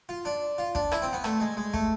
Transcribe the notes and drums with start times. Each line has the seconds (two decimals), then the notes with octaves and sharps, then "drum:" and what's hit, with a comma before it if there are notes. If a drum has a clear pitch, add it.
0.09 F4
0.25 D4
0.58 F4
0.75 D4, drum: kick
0.92 E4, drum: rim click
1.02 C4
1.13 B3
1.24 A3, drum: rim click
1.40 G#3
1.57 G#3
1.74 A3, drum: kick